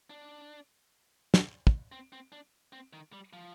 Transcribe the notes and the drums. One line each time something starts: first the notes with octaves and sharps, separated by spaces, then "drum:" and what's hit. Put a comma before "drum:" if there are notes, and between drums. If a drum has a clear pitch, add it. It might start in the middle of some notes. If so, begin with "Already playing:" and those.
D4
drum: snare
drum: kick
C4
C4
D4
C4
D#3
G3
F3